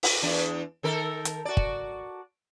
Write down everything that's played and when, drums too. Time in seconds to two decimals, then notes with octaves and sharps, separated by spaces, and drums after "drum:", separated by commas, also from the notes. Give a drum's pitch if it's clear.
0.03 drum: open hi-hat
0.22 E2 D4
0.83 D#3 A4 A#4
1.25 drum: hi-hat
1.45 F#4 D5
1.57 drum: kick